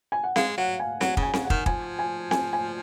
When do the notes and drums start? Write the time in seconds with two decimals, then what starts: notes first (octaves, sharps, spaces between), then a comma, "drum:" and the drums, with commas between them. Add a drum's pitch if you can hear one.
0.12 G#5
0.24 F#5
0.36 G#3 F5, drum: snare C4
0.58 F#3 F#5
0.80 G#5
1.01 F#3 F#5, drum: snare C4
1.17 C#3, drum: kick
1.23 G#5
1.33 C#3, drum: snare C4
1.44 F#5
1.50 D#3, drum: kick
1.66 F3 G#5, drum: kick
1.99 G#5
2.31 G#5, drum: snare C4
2.53 G#5